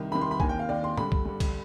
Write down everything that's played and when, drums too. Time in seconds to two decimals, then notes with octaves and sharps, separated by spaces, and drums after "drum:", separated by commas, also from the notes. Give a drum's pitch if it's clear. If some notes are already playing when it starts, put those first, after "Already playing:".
Already playing: C2 C3 D#3
0.12 C2 C3 D#3 B5
0.21 C6
0.31 B5
0.40 D#2 D#3 G#5, drum: kick B1
0.49 G5
0.59 F5
0.69 D#2 D#3 D5
0.84 C6
0.98 G2 D3 B5, drum: tom G#2
1.12 drum: kick B1
1.25 G2 D3
1.40 drum: kick B1, cymbal